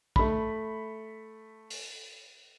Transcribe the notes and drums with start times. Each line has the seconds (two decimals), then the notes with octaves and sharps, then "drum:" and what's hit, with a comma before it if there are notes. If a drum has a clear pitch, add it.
0.16 A3 B5, drum: kick
1.70 drum: open hi-hat